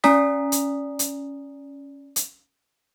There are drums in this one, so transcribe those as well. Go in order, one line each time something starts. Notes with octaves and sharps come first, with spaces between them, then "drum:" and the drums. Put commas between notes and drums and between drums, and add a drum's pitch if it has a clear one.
C#4 D5 G#5 A#5 D#6 B6, drum: snare
drum: hi-hat
drum: hi-hat
drum: hi-hat